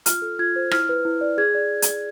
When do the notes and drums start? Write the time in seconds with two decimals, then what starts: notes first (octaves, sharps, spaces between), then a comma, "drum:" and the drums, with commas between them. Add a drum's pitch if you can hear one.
0.06 F4 F6, drum: hi-hat
0.22 A4
0.39 F4 G#6
0.56 C5
0.71 E4 F6, drum: rim click
0.89 B4
1.05 E4
1.21 D5
1.38 G#4 G#6
1.55 D5
1.82 drum: hi-hat